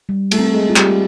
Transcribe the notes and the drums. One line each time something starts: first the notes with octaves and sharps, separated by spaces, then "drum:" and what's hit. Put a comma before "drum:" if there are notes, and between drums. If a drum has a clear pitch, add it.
G3
A3, drum: cymbal
C4
G#3
F4
G3, drum: clap